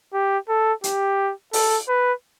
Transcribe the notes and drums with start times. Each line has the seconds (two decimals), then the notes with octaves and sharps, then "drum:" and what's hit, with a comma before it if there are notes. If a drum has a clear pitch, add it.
0.14 G4
0.48 A4
0.84 G4, drum: hi-hat
1.53 A4, drum: open hi-hat
1.88 B4